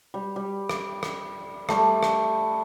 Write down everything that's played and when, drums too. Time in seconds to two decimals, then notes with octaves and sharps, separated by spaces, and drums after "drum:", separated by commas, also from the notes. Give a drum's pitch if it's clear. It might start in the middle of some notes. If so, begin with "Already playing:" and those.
0.14 G3
0.36 G3
0.69 drum: rim click
1.03 drum: rim click
1.69 G3 A3, drum: rim click
2.03 drum: rim click